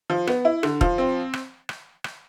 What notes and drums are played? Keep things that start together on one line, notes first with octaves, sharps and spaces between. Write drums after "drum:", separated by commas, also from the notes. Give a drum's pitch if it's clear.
F3
B3, drum: rim click
E4
D3, drum: rim click
F3, drum: kick
C4
drum: rim click
drum: rim click
drum: rim click